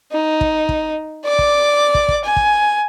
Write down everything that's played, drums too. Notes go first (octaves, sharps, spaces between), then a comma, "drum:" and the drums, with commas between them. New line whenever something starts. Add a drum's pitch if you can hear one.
D#4
drum: kick
drum: kick
D5 D6
drum: kick
drum: kick
drum: kick
G#5
drum: kick